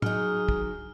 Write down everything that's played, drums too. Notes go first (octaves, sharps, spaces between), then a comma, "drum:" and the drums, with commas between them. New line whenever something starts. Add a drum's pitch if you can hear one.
F#3 D#4 G#4 F6, drum: tom
drum: kick